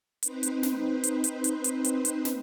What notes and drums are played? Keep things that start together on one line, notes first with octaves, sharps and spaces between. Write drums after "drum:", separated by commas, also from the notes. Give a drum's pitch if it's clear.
C4 D#4 B4 C5, drum: hi-hat
drum: hi-hat
drum: snare
drum: hi-hat
drum: hi-hat
drum: hi-hat
drum: hi-hat
drum: hi-hat
drum: hi-hat
drum: snare